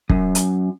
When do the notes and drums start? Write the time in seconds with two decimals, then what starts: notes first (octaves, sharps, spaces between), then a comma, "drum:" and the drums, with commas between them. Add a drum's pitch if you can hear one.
0.09 F#2, drum: kick
0.35 drum: hi-hat